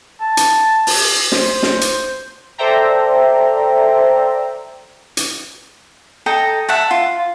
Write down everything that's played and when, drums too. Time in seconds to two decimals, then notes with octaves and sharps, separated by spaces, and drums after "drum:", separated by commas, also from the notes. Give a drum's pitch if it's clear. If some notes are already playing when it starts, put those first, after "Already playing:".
0.21 A5
0.37 drum: hi-hat
0.87 drum: open hi-hat
1.32 C5, drum: snare
1.63 drum: snare
1.81 drum: hi-hat
2.58 A4 C5 D5 E5 G5 A#5
5.17 drum: hi-hat
6.26 A4 D#5 G5 A#5
6.69 E5 F#5 A5
6.91 F4